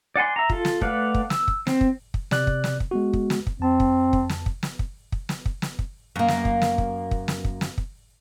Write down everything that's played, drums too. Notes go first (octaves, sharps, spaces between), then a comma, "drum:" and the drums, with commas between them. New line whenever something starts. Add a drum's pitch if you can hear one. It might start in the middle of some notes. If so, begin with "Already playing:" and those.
D5 F#5 G#5 C6
E5 A#5
F4 A4, drum: kick
drum: snare
A3 B4 D5 F5 F#5, drum: kick
drum: kick
E6, drum: snare
drum: kick
C4, drum: snare
drum: kick
drum: kick
C3 D5 F#6, drum: snare
drum: kick
drum: snare
drum: kick
G#3 B3 F#4
drum: kick
drum: snare
drum: kick
F2 C4 A5
drum: kick
drum: kick
drum: snare
drum: kick
drum: snare
drum: kick
drum: kick
drum: snare
drum: kick
drum: snare
drum: kick
F#2 A#3
drum: snare
drum: kick
drum: snare
drum: kick
drum: kick
drum: snare
drum: kick
drum: snare
drum: kick